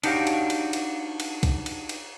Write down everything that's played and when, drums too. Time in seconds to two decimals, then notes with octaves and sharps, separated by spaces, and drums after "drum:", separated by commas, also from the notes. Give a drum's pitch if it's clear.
0.04 D4 D#4 F#4 G4 C#5 F5, drum: cymbal
0.27 drum: cymbal
0.50 drum: cymbal
0.73 drum: cymbal
1.20 drum: cymbal
1.43 drum: kick, cymbal
1.66 drum: cymbal
1.89 drum: cymbal